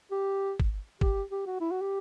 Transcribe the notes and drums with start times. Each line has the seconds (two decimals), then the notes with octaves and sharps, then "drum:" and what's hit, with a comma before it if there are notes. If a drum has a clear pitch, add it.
0.11 G4
0.60 drum: kick
1.01 G4, drum: kick
1.31 G4
1.46 F#4
1.61 E4
1.71 F#4
1.81 G4